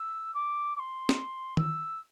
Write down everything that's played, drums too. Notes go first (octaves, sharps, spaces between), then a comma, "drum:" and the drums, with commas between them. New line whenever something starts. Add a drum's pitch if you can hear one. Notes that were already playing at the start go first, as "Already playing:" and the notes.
Already playing: E6
D6
D6
C6
drum: snare
E6, drum: tom D#3